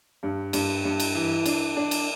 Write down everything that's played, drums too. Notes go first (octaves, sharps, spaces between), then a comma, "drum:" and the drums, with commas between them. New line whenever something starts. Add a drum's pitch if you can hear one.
G2
G2, drum: cymbal
G2
drum: cymbal
E3
D4, drum: cymbal
D4
drum: cymbal